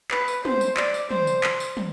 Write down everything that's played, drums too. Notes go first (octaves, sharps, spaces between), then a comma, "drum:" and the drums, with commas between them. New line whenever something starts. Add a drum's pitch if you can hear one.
B4, drum: clap
drum: tambourine
C5, drum: tom
drum: tambourine
D5, drum: clap
drum: tambourine
C5, drum: tom
drum: tambourine
drum: clap
drum: tambourine
drum: tom